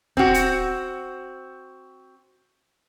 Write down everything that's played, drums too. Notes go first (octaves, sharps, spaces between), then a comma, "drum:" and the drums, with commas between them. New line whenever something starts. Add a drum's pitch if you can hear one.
C4 F#4, drum: kick
drum: hi-hat